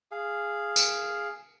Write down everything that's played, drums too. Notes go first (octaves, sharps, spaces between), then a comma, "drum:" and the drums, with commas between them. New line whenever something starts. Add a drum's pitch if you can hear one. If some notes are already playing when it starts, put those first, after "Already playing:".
G#4 F5
drum: tambourine